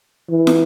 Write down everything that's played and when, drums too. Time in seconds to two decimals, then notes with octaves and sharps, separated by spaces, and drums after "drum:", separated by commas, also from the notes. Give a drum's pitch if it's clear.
0.30 E3
0.47 drum: snare